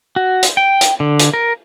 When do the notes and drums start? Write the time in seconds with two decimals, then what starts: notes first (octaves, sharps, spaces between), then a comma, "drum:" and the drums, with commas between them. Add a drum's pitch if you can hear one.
0.16 F#4
0.43 drum: hi-hat
0.57 G5
0.81 drum: hi-hat
1.00 D3
1.19 drum: hi-hat
1.34 A#4